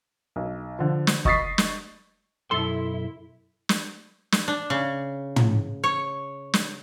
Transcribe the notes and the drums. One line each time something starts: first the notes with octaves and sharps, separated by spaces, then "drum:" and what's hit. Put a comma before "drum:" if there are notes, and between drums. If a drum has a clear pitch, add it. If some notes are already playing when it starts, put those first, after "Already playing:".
B1
D3 F3
drum: snare
D#5 C#6 D#6 A6 B6 C7, drum: kick
drum: snare
B1 F#2 E4 A4 C6
drum: snare
drum: snare
D4
C#3
drum: tom
C#5
drum: snare